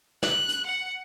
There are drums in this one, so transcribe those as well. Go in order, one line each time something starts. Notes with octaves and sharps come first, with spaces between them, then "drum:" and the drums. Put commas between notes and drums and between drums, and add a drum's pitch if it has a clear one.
F#6, drum: snare
drum: hi-hat
F#5